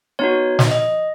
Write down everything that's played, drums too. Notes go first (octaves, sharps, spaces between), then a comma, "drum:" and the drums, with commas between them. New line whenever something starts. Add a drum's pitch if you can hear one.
B3 D#4 F#4 C#5
drum: snare
D#5